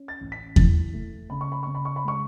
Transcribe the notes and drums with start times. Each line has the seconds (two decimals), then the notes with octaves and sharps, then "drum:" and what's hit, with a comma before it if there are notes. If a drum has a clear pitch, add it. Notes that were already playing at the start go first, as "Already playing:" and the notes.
Already playing: C#4
0.08 A6
0.21 A1
0.32 B6
0.56 E3 A6, drum: kick E2
0.93 A3
1.30 C#3 B5
1.41 C#6
1.52 B5
1.63 C#3 C#6
1.75 B5
1.85 C#6
1.96 B5
2.05 G#3 C#6